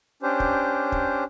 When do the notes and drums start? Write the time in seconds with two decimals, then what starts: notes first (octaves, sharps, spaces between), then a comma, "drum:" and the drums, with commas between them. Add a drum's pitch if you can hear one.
0.22 C#4 D4 G4 C5
0.40 drum: kick
0.92 drum: kick